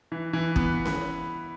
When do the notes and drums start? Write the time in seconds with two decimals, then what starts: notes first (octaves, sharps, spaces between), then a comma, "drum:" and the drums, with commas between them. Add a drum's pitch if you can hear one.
0.12 E3
0.33 E3
0.56 B3, drum: kick
0.85 drum: snare C#4